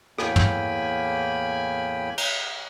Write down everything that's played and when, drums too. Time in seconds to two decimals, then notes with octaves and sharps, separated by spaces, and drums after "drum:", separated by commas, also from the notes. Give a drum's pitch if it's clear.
0.18 E2 A2 A#3 G5 G#5 B5, drum: rim click
0.36 drum: tom
2.18 drum: cymbal